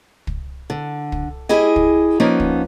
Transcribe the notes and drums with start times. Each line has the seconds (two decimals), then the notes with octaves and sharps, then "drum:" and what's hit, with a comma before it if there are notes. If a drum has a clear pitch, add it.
0.27 drum: kick
0.70 D3
1.12 drum: kick
1.49 E4 G4 G#4 D#5
1.76 drum: kick
2.20 F3 A#3 B3 C#4 D#4
2.40 drum: kick